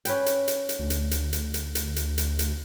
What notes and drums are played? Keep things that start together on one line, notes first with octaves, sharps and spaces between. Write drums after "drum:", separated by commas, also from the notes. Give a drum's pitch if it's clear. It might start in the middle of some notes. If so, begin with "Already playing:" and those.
C#4 B4 G5, drum: hi-hat
drum: hi-hat
drum: hi-hat
drum: hi-hat
D2
drum: hi-hat
drum: hi-hat
drum: hi-hat
drum: hi-hat
drum: hi-hat
drum: hi-hat
drum: hi-hat
drum: hi-hat